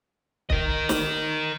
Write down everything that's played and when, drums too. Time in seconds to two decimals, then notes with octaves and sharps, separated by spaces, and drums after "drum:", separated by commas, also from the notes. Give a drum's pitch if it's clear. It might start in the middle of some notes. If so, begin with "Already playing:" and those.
0.50 A#4 D#5, drum: kick
0.89 drum: snare